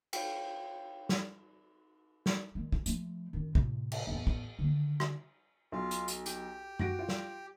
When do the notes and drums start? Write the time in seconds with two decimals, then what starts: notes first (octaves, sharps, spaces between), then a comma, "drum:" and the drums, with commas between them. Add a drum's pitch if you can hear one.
0.13 C#5 F5 G5, drum: cymbal
1.09 drum: snare
2.26 drum: snare
2.55 D#3 G#3
2.72 drum: kick A1
2.86 F3 A3, drum: hi-hat
3.33 F#2 D#3
3.55 A2 C3, drum: kick A1
3.92 drum: cymbal
4.07 E2 A2
4.27 drum: kick A1
4.59 D3 D#3
5.00 drum: rim click
5.72 B1 F4
5.91 drum: hi-hat
6.08 drum: hi-hat
6.26 G4, drum: hi-hat
6.79 F#4 A#6 D7, drum: tom F#2
6.99 F4
7.09 drum: snare